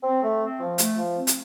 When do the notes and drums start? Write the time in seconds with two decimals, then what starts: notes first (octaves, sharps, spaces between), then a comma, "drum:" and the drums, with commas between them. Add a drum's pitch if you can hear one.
0.03 C4
0.22 A3
0.40 C4
0.59 F3
0.78 A3, drum: hi-hat
0.96 F3
1.15 C4
1.27 drum: hi-hat